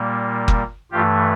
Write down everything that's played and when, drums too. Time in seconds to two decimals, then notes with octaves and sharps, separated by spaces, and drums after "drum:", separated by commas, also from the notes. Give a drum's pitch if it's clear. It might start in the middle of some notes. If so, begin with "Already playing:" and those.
Already playing: A#2 G3 A#3
0.48 drum: kick F#1
0.91 G2 E3 A3 F4 G4